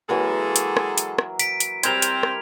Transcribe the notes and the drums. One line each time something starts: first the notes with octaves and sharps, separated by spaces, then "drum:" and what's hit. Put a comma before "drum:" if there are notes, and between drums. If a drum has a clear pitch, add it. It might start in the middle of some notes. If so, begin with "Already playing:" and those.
E3 F#3 G#3 A#3 G#4 A4
drum: hi-hat
drum: rim click
drum: hi-hat
drum: rim click
B6 D7, drum: hi-hat
drum: hi-hat
G3 C4 A#4 C6 G#6 F7, drum: hi-hat
drum: hi-hat
drum: rim click